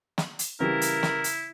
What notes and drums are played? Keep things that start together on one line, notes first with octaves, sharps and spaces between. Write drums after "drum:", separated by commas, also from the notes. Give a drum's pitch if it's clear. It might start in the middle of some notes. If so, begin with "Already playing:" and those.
drum: snare
drum: hi-hat
C#3 E3 G3 E4 A#4
drum: hi-hat
drum: snare
drum: hi-hat